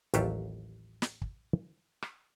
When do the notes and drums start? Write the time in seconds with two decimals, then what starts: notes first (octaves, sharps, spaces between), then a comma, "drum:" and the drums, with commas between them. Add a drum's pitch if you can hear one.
0.14 A1 D#2 F#3 F4 G4 A4, drum: hi-hat
1.02 drum: snare
1.22 drum: kick
2.02 drum: rim click